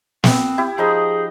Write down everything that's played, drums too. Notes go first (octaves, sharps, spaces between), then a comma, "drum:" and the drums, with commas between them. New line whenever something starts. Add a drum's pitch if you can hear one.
B3 C4, drum: snare
E4 G4
F3 D#4 G#4 D#5